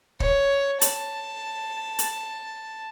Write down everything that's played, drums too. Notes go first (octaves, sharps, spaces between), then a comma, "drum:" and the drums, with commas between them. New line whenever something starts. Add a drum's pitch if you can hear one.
C#5, drum: kick
A5, drum: hi-hat
drum: hi-hat